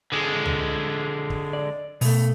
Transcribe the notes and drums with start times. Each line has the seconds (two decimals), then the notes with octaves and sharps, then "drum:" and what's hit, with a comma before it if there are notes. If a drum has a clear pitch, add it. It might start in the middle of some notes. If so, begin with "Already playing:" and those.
0.12 D3 G#3
0.46 drum: tom C#2
1.30 drum: kick
1.53 D5
2.01 B2 A3, drum: open hi-hat